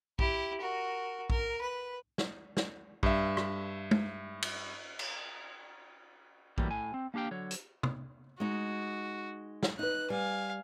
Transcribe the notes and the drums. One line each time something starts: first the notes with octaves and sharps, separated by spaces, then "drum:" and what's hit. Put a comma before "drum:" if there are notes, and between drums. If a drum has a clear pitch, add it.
E4 G4, drum: kick A#1
F#4 A#4
A#4, drum: kick A#1
B4
drum: snare
drum: snare
G2 E5, drum: kick A#1
drum: rim click
drum: tom
drum: cymbal
drum: cymbal
A2 E3 F#3 G3 A#3, drum: kick A#1
A2 G#5
C4
A#3 D4 G4 F5 G5
D3 F#3 C#5
drum: hi-hat
drum: tom
G#3 D#4 F#4
drum: snare
D#4 B4 F#6
G3 F5 G#5